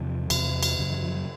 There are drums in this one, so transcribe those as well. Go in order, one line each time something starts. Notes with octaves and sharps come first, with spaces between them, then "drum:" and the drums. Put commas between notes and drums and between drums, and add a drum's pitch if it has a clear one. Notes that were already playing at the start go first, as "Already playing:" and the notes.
Already playing: E2 C3 F3
E2 C3, drum: cymbal
drum: cymbal
F#2 C#3
E3
F3
F#3